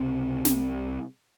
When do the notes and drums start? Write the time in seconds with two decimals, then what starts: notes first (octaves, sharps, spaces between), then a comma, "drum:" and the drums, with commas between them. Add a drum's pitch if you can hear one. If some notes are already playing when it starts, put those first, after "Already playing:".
Already playing: C#2 C3 C4
0.45 C2 C3, drum: snare